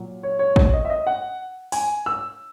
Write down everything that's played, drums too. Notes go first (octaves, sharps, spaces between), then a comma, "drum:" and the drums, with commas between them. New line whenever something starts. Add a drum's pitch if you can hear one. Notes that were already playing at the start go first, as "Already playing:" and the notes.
Already playing: A#2 F#3
C#5
C#5
C#5, drum: kick
D#5
E5
D#5
F#5
G#5, drum: open hi-hat
E6